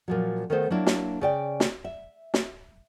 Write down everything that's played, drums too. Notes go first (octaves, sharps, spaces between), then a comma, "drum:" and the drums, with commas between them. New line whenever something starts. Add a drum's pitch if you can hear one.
A#2 F3 F#3
D#3 A3 B3 A4 C5
F#3 A#3 D4 E4
drum: snare
C#3 D5 G5
drum: snare
E5
drum: snare